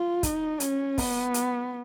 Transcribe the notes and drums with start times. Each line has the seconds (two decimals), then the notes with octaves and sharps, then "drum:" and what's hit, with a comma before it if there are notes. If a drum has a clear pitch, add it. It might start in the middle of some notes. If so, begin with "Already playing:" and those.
Already playing: F4
0.23 D#4, drum: kick, hi-hat
0.60 C#4, drum: hi-hat
0.98 B3, drum: kick, open hi-hat
1.34 drum: hi-hat